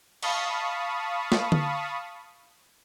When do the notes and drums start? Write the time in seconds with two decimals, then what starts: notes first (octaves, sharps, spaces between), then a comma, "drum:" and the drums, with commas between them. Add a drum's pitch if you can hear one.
0.23 F5 A5 B5 C#6 D#6, drum: cymbal
1.32 drum: snare
1.52 drum: tom D3